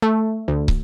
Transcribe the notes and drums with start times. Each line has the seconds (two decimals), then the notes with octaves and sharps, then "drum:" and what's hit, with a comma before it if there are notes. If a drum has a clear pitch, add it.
0.02 A3
0.48 D2
0.68 drum: kick